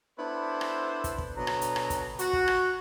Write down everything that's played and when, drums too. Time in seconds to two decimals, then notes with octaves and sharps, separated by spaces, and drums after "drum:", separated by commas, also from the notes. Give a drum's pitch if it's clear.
0.18 B3 D4 E4 A4 C5
0.61 drum: rim click
1.04 drum: kick, hi-hat
1.18 drum: kick
1.36 B2 D3 F#3 A#5
1.47 drum: rim click
1.61 drum: hi-hat
1.76 drum: rim click
1.90 drum: kick, hi-hat
2.19 F#4, drum: hi-hat
2.33 drum: kick
2.48 drum: rim click